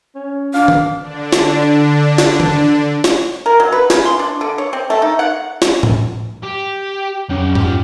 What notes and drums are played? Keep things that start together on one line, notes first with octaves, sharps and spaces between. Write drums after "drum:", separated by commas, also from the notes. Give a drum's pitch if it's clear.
C#4
D4 F5
drum: tom D#3
D3 D4
drum: snare
drum: snare
drum: tom D#3
drum: snare
A#4
F#3
B4
C#3, drum: snare
C6
D4
D3
C#5
C4
A3
D#4
F#5
drum: snare
drum: tom A2
G4
F2 F#3 C#4 G5 D6
F4 G4, drum: tom G#2